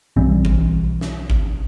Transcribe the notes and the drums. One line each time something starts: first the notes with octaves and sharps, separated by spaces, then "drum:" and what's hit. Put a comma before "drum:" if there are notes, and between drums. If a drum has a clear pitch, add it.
B1 E3 G3 C4
drum: kick G#1
drum: snare
drum: kick G#1